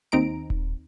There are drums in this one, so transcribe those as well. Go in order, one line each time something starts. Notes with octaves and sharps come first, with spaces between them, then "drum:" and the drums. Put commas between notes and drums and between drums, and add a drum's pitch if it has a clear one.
D#2 C4 D#4 A#5 D7
drum: kick D#1